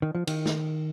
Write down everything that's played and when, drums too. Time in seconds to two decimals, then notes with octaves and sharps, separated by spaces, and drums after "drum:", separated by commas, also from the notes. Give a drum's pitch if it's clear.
0.02 D#3
0.15 F3
0.27 D#3, drum: cymbal
0.46 drum: snare